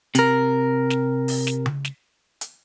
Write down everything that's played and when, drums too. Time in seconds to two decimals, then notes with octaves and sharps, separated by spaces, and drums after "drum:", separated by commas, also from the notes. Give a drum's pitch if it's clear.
0.15 C3 A#4, drum: hi-hat
0.90 drum: snare
1.28 drum: open hi-hat
1.47 drum: snare
1.66 drum: tom C#3
1.85 drum: snare
2.41 drum: hi-hat